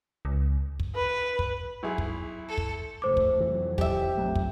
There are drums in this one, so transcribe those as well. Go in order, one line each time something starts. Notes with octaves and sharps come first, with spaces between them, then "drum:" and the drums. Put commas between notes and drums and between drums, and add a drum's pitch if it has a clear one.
C#2
drum: kick
B4
drum: kick
B1 E4 G#4
drum: kick
A4
drum: kick
F1 A3 C5 D6
drum: kick
F2 E3 F#3
E1 E2 E3 G4 E5, drum: kick
F1 A#1 F#3 A3
drum: kick